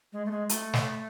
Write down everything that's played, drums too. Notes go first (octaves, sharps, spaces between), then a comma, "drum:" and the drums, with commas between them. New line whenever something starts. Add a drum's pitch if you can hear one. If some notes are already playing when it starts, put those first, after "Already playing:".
G#3
A3
G#3
A3, drum: hi-hat
drum: snare